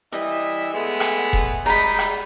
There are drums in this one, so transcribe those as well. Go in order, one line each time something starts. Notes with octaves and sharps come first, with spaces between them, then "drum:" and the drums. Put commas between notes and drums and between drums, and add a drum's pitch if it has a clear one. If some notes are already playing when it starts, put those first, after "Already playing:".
E3 G3 D#5 E5
G#3 A3 B3
drum: rim click
drum: kick F1
G3 G#3 D#4 A#5 B5
drum: rim click